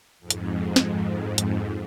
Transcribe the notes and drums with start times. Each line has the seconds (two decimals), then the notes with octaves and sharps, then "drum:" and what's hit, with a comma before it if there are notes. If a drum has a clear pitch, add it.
0.20 F2 G#2
0.30 drum: hi-hat
0.76 drum: snare
1.38 drum: hi-hat